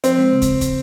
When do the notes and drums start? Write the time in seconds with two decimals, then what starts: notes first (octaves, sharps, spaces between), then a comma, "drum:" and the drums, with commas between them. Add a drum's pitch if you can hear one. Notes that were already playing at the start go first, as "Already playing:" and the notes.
0.04 F3 C4, drum: hi-hat
0.18 G#3
0.32 C#3
0.42 drum: kick, hi-hat
0.61 drum: kick, hi-hat